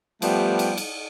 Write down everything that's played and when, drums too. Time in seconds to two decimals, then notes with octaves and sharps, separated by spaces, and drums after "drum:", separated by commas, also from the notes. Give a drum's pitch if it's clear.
0.22 F3 G3 A3 B3 G4, drum: cymbal
0.59 drum: cymbal
0.77 drum: cymbal